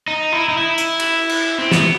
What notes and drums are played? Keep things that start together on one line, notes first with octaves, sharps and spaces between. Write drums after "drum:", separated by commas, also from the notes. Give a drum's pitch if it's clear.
D#4
E4
D#4
E4
drum: hi-hat
drum: cymbal
drum: cymbal
C4
B3, drum: snare